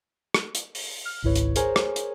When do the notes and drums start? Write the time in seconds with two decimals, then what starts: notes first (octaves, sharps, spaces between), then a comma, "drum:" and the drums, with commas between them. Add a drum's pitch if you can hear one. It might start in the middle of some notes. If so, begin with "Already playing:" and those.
0.34 drum: rim click
0.55 drum: hi-hat
0.75 drum: open hi-hat
1.05 F6
1.23 G#1 C#2 G#2 E4 B4 C#5
1.35 drum: hi-hat
1.56 G#4 A#4 C5 C#5 G#5, drum: hi-hat
1.76 drum: rim click
1.96 drum: hi-hat